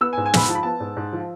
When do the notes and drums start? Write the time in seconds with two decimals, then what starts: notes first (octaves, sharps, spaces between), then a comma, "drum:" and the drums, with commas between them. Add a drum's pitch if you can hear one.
0.01 B3 E6
0.13 G#5
0.17 G#2
0.26 G#5
0.34 G#2 B5, drum: snare
0.49 F3 A5
0.55 B5
0.63 B3 A5
0.80 G#2
0.97 G#2
1.13 F3